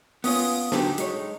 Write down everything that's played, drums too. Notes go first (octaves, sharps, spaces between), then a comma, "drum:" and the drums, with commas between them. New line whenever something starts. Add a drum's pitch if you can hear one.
B3 C#4 F4 D#6, drum: open hi-hat
D3 F#3 D#4 G4, drum: snare
G#3 C#5, drum: hi-hat